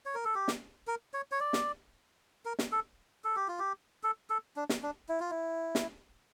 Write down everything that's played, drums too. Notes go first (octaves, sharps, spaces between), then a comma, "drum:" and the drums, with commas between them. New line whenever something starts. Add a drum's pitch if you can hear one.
C#5
A#4
A4
G4
drum: snare
A#4
C#5
C#5
D5
drum: snare
A#4
drum: snare
A4
A4
G4
F4
G4
A4
A4
D4
drum: snare
D4
E4
F4
E4
drum: snare